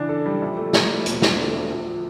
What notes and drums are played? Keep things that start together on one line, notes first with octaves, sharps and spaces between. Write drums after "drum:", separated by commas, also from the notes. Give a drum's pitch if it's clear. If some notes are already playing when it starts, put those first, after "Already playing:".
Already playing: C#3 E3 D4
A4
G3
A#1
A3
A#1, drum: snare
A#2
E1, drum: hi-hat
D3, drum: snare
A3
D2
A#1
F3